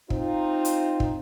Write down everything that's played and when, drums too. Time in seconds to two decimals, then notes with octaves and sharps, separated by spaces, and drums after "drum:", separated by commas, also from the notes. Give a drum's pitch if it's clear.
0.10 C4 D#4 F4, drum: kick
0.65 drum: hi-hat
1.00 drum: kick